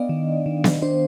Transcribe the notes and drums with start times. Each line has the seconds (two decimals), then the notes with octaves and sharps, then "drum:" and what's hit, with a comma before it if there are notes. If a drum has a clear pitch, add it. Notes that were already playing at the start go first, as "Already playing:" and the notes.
Already playing: B3 D4 D5 D#5 F5 G5
0.09 D#3
0.46 D#3
0.64 drum: snare B3
0.82 D4 C5